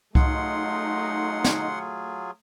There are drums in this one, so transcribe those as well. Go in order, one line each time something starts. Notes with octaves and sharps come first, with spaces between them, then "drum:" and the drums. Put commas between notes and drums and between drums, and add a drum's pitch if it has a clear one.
F#3 A3 D#4 F4 G#4 F#5 C6, drum: kick C2
drum: snare